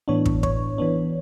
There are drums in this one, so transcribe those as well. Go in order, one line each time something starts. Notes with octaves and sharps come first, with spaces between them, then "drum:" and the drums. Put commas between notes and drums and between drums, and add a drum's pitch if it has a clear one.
A2 E3 B3 D4 C#5
drum: kick
C#5, drum: kick
E3 B3 D4